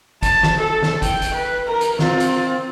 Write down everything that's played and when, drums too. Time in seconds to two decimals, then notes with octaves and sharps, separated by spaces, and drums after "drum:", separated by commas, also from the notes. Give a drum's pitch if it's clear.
0.23 A5, drum: kick, hi-hat
0.43 drum: snare
0.59 A4
0.82 drum: snare
1.02 G5, drum: kick, hi-hat
1.22 drum: hi-hat
1.34 B4
1.67 A#4
1.81 drum: hi-hat
1.99 C4 F4, drum: snare
2.20 drum: hi-hat